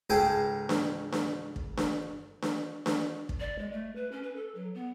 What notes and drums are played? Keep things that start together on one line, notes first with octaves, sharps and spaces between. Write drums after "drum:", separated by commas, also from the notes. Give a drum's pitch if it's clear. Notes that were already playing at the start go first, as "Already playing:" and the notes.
C#2 G#2 A4 C5 G5 G#5
drum: snare D4
drum: snare D4
drum: kick
drum: snare D4
drum: snare D4
drum: snare D4
drum: kick
D5
G#3
A3
B4
C#4
B4
A4
F#3
B3